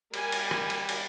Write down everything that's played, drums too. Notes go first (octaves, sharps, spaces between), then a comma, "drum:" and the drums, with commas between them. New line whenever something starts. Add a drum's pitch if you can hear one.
G3 A#4 G#5, drum: cymbal
drum: cymbal
drum: rim click
drum: cymbal
drum: cymbal